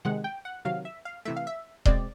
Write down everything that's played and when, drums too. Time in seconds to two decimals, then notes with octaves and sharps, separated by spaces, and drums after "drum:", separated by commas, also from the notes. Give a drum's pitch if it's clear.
0.05 C3 D#3 G#3 F#5
0.24 G5
0.45 F#5
0.65 C3 D#3 F#3 F5
0.85 E5
1.05 F5
1.25 C3 E3 A3 E5
1.36 F5
1.47 E5
1.85 B2 G#3 C4 D5, drum: kick D#1